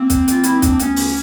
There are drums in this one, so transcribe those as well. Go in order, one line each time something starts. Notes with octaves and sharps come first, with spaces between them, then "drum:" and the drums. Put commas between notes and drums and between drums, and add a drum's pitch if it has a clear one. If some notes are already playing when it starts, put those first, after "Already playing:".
Already playing: A#3 C4
E3, drum: kick, hi-hat
E3 F4, drum: hi-hat
C#2 E4, drum: hi-hat
D#4
E3, drum: kick, hi-hat
D4
D2 B3 C#4, drum: hi-hat
C#3, drum: open hi-hat